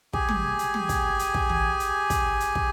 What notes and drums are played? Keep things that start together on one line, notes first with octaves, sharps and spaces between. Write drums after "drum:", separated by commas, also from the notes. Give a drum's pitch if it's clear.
G4 G#4 G#5, drum: kick
drum: tom
drum: hi-hat
drum: tom
drum: kick, hi-hat
drum: hi-hat
drum: kick
drum: tom
drum: hi-hat
drum: kick, hi-hat
drum: hi-hat
drum: kick